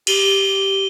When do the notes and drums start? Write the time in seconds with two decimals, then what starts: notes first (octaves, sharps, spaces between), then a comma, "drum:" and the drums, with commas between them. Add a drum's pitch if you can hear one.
0.07 G4 D#7 G7, drum: cymbal